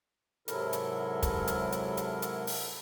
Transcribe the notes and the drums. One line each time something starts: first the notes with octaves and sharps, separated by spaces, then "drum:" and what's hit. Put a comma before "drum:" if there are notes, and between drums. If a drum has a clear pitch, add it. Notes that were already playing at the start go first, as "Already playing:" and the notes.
G#2 C3 F#3 E4 A4 A#4, drum: hi-hat
drum: hi-hat
drum: kick, hi-hat
drum: hi-hat
drum: hi-hat
drum: hi-hat
drum: hi-hat
drum: open hi-hat